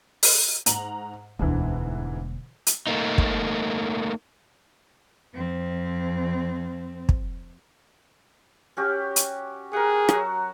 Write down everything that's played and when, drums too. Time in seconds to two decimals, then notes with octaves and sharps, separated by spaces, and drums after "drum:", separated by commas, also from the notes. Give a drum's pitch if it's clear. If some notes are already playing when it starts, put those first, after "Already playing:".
0.23 drum: open hi-hat
0.66 G#2 A#5 F#7, drum: hi-hat
1.39 E1 D2 G#2 D3 E3
2.67 drum: hi-hat
2.87 A3 A#3 D#4
3.18 drum: kick
5.35 F2 C4
7.09 drum: kick
8.77 C#4 F#4 G4
9.16 drum: hi-hat
9.73 G#4 A#4 F#5
10.09 F#3 F#4, drum: rim click